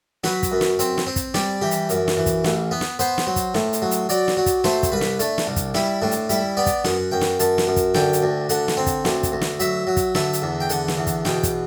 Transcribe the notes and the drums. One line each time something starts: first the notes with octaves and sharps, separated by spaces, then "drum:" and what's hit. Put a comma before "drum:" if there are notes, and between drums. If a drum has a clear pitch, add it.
F#3 B4, drum: snare
drum: kick, hi-hat
F#2
drum: snare
C4, drum: hi-hat
drum: snare
C4
drum: kick, hi-hat
G3 D5, drum: snare
E3 G4
drum: hi-hat
F#2, drum: hi-hat
drum: snare
E3
drum: kick, hi-hat
A1, drum: snare
B3
drum: snare
B3 C5, drum: hi-hat
drum: snare
F#3
drum: kick, hi-hat
A2, drum: snare
drum: hi-hat
F#3
drum: hi-hat
F#3 D5, drum: hi-hat
drum: snare
F#3
drum: kick, hi-hat
A3 C5, drum: snare
drum: kick, hi-hat
C2 B4
drum: snare
A3 D4, drum: hi-hat
drum: snare
C2
drum: kick, hi-hat
G3 E4, drum: snare
A2 D4
drum: hi-hat
G3 E4, drum: hi-hat
B3 D5
drum: kick, hi-hat
F#2 F#5, drum: snare
F#2 G5
drum: snare
F#2 A5, drum: hi-hat
drum: snare
F#2
drum: kick, hi-hat
D3 G5, drum: snare
drum: hi-hat
D2
D3 F#5, drum: hi-hat
drum: snare
C4
drum: kick, hi-hat
D2, drum: snare
drum: kick, hi-hat
D2
drum: snare
F#3 E5, drum: hi-hat
F#3
drum: kick, hi-hat
D3 E5, drum: snare
drum: hi-hat
E2
G5
D3 F#5, drum: hi-hat
drum: snare
E2
drum: kick, hi-hat
B2 G5, drum: snare
drum: kick, hi-hat